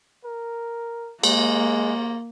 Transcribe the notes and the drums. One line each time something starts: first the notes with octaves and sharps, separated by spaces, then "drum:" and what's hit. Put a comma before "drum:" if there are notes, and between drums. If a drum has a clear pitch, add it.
A#4
G#3 A#3, drum: cymbal